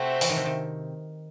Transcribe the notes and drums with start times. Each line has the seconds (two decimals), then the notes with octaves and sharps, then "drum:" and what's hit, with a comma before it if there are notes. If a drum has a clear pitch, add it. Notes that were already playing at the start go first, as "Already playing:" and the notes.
Already playing: C3 A3 C4 F#4 C5 E5
0.21 E3, drum: open hi-hat
0.29 D#3
0.36 C3
0.45 D#3